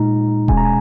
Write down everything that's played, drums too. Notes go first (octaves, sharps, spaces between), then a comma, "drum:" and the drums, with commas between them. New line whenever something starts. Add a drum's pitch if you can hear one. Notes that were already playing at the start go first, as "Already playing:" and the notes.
Already playing: A#2 G#3 D#4 A#5
B2 G#3 C#4 G#5, drum: kick D#1
A#5
G#5